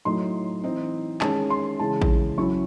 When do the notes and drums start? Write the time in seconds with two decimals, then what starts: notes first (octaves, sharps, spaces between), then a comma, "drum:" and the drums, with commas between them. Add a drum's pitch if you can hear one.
0.05 A2 F#3 A3 D#4 C6
0.64 E3 C4 D#4
1.21 D#3 G#3 C#4 A5, drum: clap
1.50 C6
1.79 C#3 E3 G#3 A5
2.02 drum: kick A1
2.38 F#3 C#4 E4 C#6